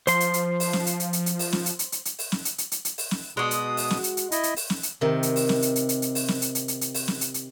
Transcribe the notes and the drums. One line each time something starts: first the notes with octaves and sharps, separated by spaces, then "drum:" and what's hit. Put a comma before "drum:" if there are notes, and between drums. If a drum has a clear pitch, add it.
F3 C5 C6, drum: hi-hat
drum: hi-hat
drum: hi-hat
drum: open hi-hat
drum: snare
drum: hi-hat
drum: hi-hat
drum: hi-hat
drum: hi-hat
drum: open hi-hat
drum: snare
drum: hi-hat
drum: hi-hat
drum: hi-hat
drum: hi-hat
drum: open hi-hat
drum: snare
drum: hi-hat
drum: hi-hat
drum: hi-hat
drum: hi-hat
drum: open hi-hat
drum: snare
B2 G#3 F#4 D#6
drum: hi-hat
drum: open hi-hat
drum: snare
drum: hi-hat
drum: hi-hat
E4 D#5, drum: hi-hat
drum: hi-hat
drum: open hi-hat
drum: snare
drum: hi-hat
C3 D#3
drum: hi-hat
drum: open hi-hat
drum: snare
drum: hi-hat
drum: hi-hat
drum: hi-hat
drum: hi-hat
drum: open hi-hat
drum: snare
drum: hi-hat
drum: hi-hat
drum: hi-hat
drum: hi-hat
drum: open hi-hat
drum: snare
drum: hi-hat
drum: hi-hat